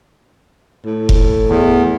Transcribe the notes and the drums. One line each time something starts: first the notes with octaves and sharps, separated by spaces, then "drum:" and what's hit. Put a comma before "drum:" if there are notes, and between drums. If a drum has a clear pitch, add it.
A2
drum: kick F1
E2